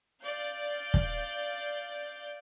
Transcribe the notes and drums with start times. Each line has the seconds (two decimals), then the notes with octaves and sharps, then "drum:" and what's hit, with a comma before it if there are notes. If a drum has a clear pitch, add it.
0.21 D5 F5 G6
0.94 drum: kick